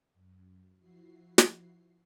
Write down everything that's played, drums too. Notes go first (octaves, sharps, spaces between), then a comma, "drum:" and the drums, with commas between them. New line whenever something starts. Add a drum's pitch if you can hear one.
F#2
F3 E4 F#4 C7
drum: snare